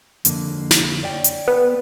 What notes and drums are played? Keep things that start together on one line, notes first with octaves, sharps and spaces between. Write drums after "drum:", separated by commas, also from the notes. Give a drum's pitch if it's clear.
F2 D3 A#3, drum: hi-hat
drum: snare
C#5 D5 G5
drum: hi-hat
B3